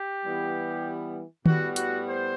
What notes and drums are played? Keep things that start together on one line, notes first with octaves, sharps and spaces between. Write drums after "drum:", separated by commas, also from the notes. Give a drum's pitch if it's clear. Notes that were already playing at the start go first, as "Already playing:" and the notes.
Already playing: G4
E3 G3 B3
A2 G3 B3 F#4, drum: tom D#3
F#4, drum: hi-hat
C5